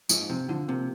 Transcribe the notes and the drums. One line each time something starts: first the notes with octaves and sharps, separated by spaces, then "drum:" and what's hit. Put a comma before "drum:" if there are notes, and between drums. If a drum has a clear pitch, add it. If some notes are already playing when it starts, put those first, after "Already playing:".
G#2 F3, drum: tambourine
C3 F3
D3 F3
C3 A#3